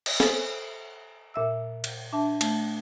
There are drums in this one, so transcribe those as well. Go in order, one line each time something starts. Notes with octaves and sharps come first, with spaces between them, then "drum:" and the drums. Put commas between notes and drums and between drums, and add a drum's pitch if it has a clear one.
drum: cymbal
A4 C5 G#5, drum: snare
A#2 E5 E6
drum: cymbal
D4 E5 A5
A3, drum: cymbal